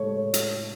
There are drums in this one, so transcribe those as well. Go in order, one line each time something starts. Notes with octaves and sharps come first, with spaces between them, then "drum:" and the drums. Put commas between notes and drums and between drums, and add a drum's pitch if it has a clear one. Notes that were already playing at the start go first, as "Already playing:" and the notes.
Already playing: A2 G#3 A4 C#5
drum: hi-hat